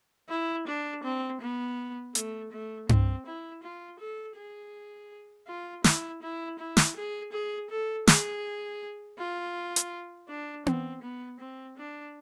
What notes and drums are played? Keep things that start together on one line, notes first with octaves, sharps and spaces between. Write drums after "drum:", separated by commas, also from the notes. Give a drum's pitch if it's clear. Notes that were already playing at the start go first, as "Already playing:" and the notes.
E4
D4
C4
B3
A3, drum: hi-hat
A3
C4, drum: tom G2
E4
F4
A4
G#4
F4
E4, drum: snare
E4
E4
drum: snare
G#4
G#4
A4
G#4, drum: snare
F4
drum: hi-hat
D4
C4, drum: tom B3
B3
C4
D4